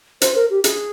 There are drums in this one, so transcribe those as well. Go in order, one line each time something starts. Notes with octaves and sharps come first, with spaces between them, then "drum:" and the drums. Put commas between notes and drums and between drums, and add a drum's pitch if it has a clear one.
C5, drum: hi-hat
A#4
G4
G#4, drum: hi-hat